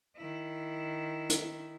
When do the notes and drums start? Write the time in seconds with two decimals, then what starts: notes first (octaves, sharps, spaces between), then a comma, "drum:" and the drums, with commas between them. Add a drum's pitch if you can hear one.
0.17 D#3 E4
1.30 drum: hi-hat